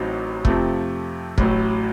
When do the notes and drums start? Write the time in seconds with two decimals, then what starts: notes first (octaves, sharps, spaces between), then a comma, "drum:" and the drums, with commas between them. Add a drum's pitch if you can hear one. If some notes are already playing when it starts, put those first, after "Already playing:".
Already playing: A1 A2 F#3 C4 D#4
0.45 F2 C3 F3 A3, drum: kick
1.38 A1 A2 F#3, drum: kick